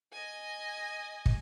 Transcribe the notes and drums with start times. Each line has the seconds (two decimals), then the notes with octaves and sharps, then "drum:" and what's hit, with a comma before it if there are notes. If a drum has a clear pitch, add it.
0.13 D#5 G#5
1.26 drum: kick